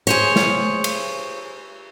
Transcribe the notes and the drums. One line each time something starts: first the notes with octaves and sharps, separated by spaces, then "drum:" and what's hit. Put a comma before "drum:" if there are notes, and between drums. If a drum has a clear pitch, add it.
G#4 C5 C#5
drum: snare
drum: cymbal